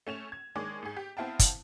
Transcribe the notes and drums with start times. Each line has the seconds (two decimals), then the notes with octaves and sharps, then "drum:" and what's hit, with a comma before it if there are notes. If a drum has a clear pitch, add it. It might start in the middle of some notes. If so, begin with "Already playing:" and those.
0.07 A3 C#4 E7 F7
0.32 G#6
0.55 D#3 G#3 D4 G#4 C#5 D6
0.82 G#2 G#4
0.97 G4
1.17 B3 C4 E4 F5 G5 A5
1.39 drum: kick, hi-hat